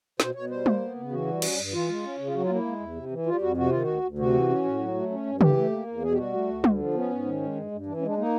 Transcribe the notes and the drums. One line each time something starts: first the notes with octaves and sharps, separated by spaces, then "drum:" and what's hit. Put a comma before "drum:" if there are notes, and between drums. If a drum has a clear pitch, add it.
B2 C5, drum: snare
B2 C#5
G3 C5
A#3, drum: tom G3
B3
C#3
E3 F#4
G3
C#4, drum: cymbal
G2
E3 F4
G#3
C#4
C#3
F4
F#3 F#4
F4
A#3
E4
G#3
E2
C3
E3
G3 F4
F2 F#4
C3 F#4
D#3 F4
F#4
D2
D2
C3 F#4
E3
C#4
A2
F#3
A3
C#4
G2
E3 G4, drum: tom C#3
A3
A#3
E2
B2 G#4
G4
G3 F#4
A3
D2
D3, drum: tom G3
F3
B3 C#4
G#2
D#3
G#3
G2
G2
E3 D4
C#4
G#3
D4
A#3 D#4